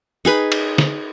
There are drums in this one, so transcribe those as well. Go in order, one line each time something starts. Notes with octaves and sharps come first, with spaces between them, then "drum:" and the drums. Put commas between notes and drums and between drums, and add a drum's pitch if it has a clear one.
D#4 G#4 B4
drum: cymbal
drum: snare